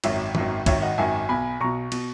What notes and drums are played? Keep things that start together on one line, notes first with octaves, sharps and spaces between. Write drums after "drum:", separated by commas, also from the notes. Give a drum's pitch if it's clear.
G#1 F#2 D#3 C#5 E5, drum: cymbal
G#1 F#2 D#3, drum: tom D#3
G#1 F#2 D#3 C#5 E5, drum: kick C2, cymbal
D#5 F#5
G#1 F#2 D#3 E5 G#5
B1 B2 G#5 B5
B1 B2 A#5 C#6
B2, drum: cymbal